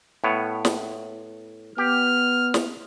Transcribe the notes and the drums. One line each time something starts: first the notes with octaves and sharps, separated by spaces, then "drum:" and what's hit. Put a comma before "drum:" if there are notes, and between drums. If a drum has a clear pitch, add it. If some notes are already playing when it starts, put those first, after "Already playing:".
A2 B3 C#5
drum: snare
B3 G4 F6
drum: snare